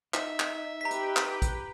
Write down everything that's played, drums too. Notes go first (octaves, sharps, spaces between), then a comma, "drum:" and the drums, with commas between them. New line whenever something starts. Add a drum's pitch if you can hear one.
D#4 E5, drum: clap
drum: clap
G4 B4 G5 A#5 B6
drum: hi-hat
drum: clap
drum: kick, hi-hat